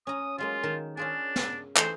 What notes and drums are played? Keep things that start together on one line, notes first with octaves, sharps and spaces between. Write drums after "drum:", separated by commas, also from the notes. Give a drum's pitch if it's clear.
C#4 A#5 D#6
F#3 G#3 A#3 F4
D#3 A#4 A5
C#4 D4 F4 G#4
drum: snare
E3 A3 D#4 C5, drum: clap